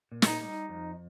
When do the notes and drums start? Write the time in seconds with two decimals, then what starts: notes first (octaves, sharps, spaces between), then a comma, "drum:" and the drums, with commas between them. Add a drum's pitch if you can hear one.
0.12 A#2
0.22 F4, drum: snare
0.26 D#4
0.41 G3
0.69 F2